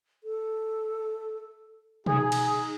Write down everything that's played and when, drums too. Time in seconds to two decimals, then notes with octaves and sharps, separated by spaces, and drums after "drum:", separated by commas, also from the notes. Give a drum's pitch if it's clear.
0.24 A4
2.06 D#4 G#4, drum: tom B2
2.32 drum: cymbal